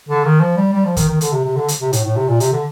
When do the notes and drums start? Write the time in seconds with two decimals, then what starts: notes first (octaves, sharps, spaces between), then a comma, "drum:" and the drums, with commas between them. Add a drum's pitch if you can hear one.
0.08 D3
0.25 D#3
0.40 F3
0.57 G3
0.73 G3
0.85 F3
0.97 D#3, drum: kick, hi-hat
1.08 D#3
1.21 D3, drum: hi-hat
1.33 C3
1.44 C3
1.56 D3
1.68 drum: hi-hat
1.81 C3
1.93 A2, drum: hi-hat
2.05 A2
2.16 C3
2.28 A#2
2.40 C3, drum: hi-hat
2.52 D3